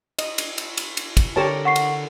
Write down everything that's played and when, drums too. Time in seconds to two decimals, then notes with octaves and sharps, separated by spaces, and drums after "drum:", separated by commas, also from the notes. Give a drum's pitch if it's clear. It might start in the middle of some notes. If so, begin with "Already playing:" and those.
0.19 D#5, drum: cymbal
0.38 drum: cymbal
0.58 drum: cymbal
0.77 drum: cymbal
0.97 drum: cymbal
1.17 drum: kick, cymbal
1.36 D3 G4 A#4 C#5 A5
1.65 F#5 C#6 C7
1.76 drum: cymbal